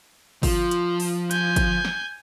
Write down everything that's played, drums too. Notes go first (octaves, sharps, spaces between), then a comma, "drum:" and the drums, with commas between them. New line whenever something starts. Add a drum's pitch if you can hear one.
F3, drum: kick, open hi-hat
drum: hi-hat
drum: open hi-hat
G#5 G6, drum: hi-hat
drum: kick, hi-hat
drum: snare